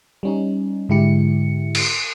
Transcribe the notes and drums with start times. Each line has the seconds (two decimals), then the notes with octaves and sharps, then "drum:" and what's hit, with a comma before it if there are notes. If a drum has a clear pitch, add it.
0.23 G3 C#4 D#4
0.89 G#2 D3 G#3 E4 G4 C#7
1.75 drum: cymbal